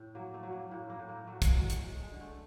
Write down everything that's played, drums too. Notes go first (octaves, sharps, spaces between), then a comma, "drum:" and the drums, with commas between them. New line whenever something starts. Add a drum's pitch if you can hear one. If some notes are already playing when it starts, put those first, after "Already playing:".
Already playing: A2
F#3 A#3
A3
F#3
A#3
A2 A#3
A#3
A2
A#3
F#3 A3
G#3, drum: kick, hi-hat
F#3 G#3
A3, drum: hi-hat
G#3 A3
G#3
D3
A3